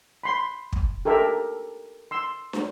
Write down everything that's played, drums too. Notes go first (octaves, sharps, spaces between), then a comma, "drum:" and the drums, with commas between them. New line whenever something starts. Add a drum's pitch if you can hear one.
B5 C6
drum: kick
G4 A4 A#4 E5
C6 E6
drum: snare